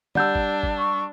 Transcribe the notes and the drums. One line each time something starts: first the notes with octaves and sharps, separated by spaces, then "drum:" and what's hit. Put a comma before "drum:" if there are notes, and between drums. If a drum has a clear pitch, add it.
G3 D4 D5 F#5 E6 G6, drum: tom
drum: kick G1
drum: kick G1
C#6